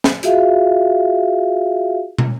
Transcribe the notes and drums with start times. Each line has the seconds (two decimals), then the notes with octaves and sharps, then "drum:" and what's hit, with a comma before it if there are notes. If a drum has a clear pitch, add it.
0.04 drum: snare
0.23 F4 F#4 G#4 E5 F5, drum: hi-hat
2.19 drum: tom